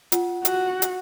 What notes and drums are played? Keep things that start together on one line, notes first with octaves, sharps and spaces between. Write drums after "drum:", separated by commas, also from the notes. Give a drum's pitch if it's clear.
F4 F#5, drum: hi-hat
F#4, drum: hi-hat
drum: hi-hat